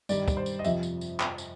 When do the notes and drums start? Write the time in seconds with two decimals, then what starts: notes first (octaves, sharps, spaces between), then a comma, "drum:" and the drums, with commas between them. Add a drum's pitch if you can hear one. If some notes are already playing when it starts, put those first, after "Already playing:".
0.09 G2 D#3 G3 D5, drum: tambourine
0.28 drum: kick, tambourine
0.37 C5
0.46 drum: tambourine
0.59 D#5
0.64 F2 C3 F3 E5, drum: tambourine
0.83 drum: tambourine
1.01 drum: tambourine
1.20 drum: clap
1.38 drum: tambourine